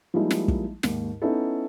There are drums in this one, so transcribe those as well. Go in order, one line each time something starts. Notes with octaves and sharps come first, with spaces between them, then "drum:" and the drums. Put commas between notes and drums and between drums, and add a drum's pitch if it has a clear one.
F3 G3 G#3 A#3 D#4 E4
drum: snare
drum: kick
D#2 G#2, drum: snare
B3 C#4 D#4 E4 A4